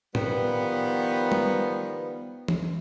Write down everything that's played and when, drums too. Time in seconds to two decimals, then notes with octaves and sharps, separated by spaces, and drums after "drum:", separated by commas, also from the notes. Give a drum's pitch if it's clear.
0.15 D#3 F3 G3 B3, drum: tom
1.32 drum: tom
2.48 drum: tom